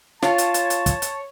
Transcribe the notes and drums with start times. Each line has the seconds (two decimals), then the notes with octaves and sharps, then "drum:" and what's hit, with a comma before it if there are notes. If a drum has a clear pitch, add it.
0.22 F4 C#5 A5, drum: snare
0.38 drum: hi-hat
0.54 drum: hi-hat
0.70 drum: hi-hat
0.86 drum: kick, hi-hat
1.02 drum: hi-hat